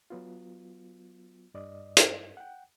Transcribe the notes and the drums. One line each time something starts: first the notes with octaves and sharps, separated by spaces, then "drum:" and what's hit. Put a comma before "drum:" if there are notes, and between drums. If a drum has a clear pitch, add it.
F#3 B3 F4
G2 D5 D#5
drum: hi-hat
F#5 G5